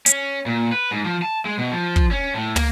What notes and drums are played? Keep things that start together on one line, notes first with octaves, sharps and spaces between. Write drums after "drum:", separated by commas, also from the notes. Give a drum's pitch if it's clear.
C#4, drum: hi-hat
A#2
B4
G#2
F3
A5
G#3
B2
F3
drum: kick
C#4
A2
A#3, drum: tom